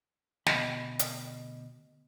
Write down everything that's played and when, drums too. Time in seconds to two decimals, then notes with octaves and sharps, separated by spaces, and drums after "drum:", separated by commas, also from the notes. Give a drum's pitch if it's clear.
0.46 D2 B2 D#5 B5, drum: snare
0.99 drum: hi-hat